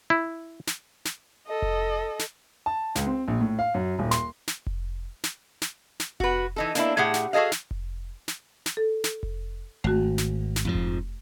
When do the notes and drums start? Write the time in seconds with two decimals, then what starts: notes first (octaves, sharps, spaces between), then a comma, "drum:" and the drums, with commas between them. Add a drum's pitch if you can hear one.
0.10 E4
0.67 drum: snare
1.05 drum: snare
1.47 A4 D#5
1.62 drum: kick F1
2.19 drum: snare
2.66 A5
2.95 C#2, drum: snare
3.07 C4
3.28 A#1
3.40 A2
3.59 F5
3.74 F#2
3.99 D#1
4.11 C6, drum: snare
4.48 drum: snare
4.67 drum: kick F1
5.24 drum: snare
5.62 drum: snare
6.00 drum: snare
6.20 F#4 B4, drum: kick F1
6.56 E3 D#4 A4
6.75 A#3 D4 E4, drum: snare
6.97 A2 G4 G#4 F#5
7.14 drum: snare
7.33 F#4 G#4 A4 D#5 F5
7.52 drum: snare
7.71 drum: kick F1
8.28 drum: snare
8.66 drum: snare
8.77 A4
9.04 drum: snare
9.23 drum: kick F1
9.84 G#1 A3 F#4
10.18 drum: snare
10.56 drum: snare
10.65 F2 G#2 F3
10.75 drum: kick F1